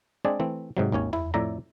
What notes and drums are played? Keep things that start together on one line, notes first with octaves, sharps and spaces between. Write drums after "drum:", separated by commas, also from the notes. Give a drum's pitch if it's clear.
G#3 C4 D4 G#4 D5
E3 A3 C4
G#2 C3 F#3
G#1 D#2 C#4 C#5
E4, drum: tom E2
F2 A2 D5 E5 A#5